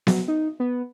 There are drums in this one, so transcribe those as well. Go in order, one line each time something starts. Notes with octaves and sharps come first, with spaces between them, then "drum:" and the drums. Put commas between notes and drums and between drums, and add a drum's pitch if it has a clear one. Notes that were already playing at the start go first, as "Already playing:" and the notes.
F#3, drum: snare B3
D#4
B3